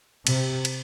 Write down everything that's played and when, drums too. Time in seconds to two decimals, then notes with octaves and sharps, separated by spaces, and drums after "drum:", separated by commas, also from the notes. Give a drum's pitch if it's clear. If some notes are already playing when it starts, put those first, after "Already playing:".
0.27 C3, drum: cymbal
0.65 drum: cymbal